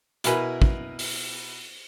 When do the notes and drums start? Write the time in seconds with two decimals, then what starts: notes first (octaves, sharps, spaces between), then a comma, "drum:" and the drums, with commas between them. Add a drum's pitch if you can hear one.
0.24 B2 E4 A#4 B4 G#5 B5, drum: hi-hat
0.62 drum: kick
0.99 drum: open hi-hat